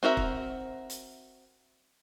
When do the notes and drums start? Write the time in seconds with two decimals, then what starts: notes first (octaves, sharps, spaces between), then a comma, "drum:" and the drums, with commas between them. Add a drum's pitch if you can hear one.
0.03 C4 F#4 A#4 E5
0.17 drum: kick
0.90 drum: hi-hat